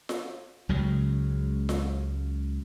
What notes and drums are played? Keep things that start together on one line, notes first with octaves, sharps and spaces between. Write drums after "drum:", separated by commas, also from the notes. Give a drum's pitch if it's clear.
drum: snare F4
C#2 C#3 F#3 G#3
drum: snare F4